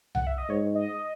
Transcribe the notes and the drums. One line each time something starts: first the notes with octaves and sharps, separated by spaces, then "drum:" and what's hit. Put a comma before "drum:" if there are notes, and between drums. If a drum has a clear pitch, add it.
F#5, drum: tom C2
E5
D#5
G#2 C#5
D#5